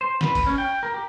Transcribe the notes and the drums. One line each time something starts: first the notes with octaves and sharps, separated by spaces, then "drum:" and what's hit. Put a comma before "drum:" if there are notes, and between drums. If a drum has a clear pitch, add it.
C5
B4, drum: snare
drum: kick G1, cymbal
C#4
G5
A#4
G4